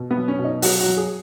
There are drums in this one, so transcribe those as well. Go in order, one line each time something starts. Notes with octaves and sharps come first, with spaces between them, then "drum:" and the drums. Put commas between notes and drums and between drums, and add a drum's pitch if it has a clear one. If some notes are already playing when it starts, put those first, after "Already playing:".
Already playing: B2
B3
F#3
C#4
B2
D#4
F#3 F#4, drum: open hi-hat
F#4
F#3
G#4